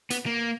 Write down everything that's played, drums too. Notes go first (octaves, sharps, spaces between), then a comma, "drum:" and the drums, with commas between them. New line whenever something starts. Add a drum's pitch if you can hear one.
B3, drum: hi-hat
A#3